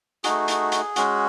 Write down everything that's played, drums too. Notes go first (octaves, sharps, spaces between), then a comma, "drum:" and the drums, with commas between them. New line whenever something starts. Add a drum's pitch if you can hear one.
A3 D#4 F#4 G#4, drum: hi-hat
drum: hi-hat
drum: hi-hat
G#3 C#4 F#4, drum: hi-hat